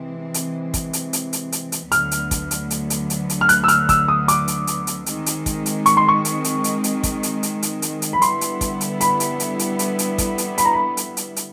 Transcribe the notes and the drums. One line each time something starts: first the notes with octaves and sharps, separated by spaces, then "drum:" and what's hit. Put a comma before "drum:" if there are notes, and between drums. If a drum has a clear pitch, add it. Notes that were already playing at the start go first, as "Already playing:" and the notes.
Already playing: C3 E3 G#3 C4
drum: hi-hat
drum: kick, hi-hat
drum: hi-hat
drum: hi-hat
drum: hi-hat
drum: hi-hat
drum: hi-hat
D2 D3 F#3 B3 F6, drum: hi-hat
drum: hi-hat
drum: kick, hi-hat
drum: hi-hat
drum: hi-hat
drum: hi-hat
drum: hi-hat
drum: hi-hat
F6
F#6, drum: hi-hat
E6
F6, drum: hi-hat
E6, drum: kick, hi-hat
D#6
D6, drum: hi-hat
drum: hi-hat
drum: hi-hat
drum: hi-hat
D#3 G#3 C4, drum: hi-hat
drum: hi-hat
drum: kick, hi-hat
drum: hi-hat
C#6, drum: hi-hat
C6
C#6
drum: hi-hat
drum: hi-hat
drum: hi-hat
drum: hi-hat
drum: kick, hi-hat
drum: hi-hat
drum: hi-hat
drum: hi-hat
drum: hi-hat
drum: hi-hat
B5
D3 G3 B3 E4 C6, drum: hi-hat
drum: hi-hat
drum: kick, hi-hat
drum: hi-hat
B5, drum: hi-hat
drum: hi-hat
drum: hi-hat
drum: hi-hat
drum: hi-hat
drum: hi-hat
drum: kick, hi-hat
drum: hi-hat
B5, drum: hi-hat
A#5
B5
drum: hi-hat
drum: hi-hat
drum: hi-hat